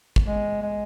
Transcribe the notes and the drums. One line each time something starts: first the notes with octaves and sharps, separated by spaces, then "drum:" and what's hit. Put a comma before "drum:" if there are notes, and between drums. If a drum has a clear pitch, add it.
drum: kick
G#3
G#3